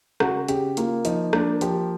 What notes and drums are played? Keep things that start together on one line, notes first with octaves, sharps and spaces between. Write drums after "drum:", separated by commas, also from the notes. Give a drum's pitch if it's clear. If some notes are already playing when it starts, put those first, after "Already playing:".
C#3 F#4, drum: rim click
C#3 G4, drum: hi-hat
A#3 F4, drum: hi-hat
F3 D#4, drum: hi-hat
A#3 D4, drum: rim click
F3 G4, drum: hi-hat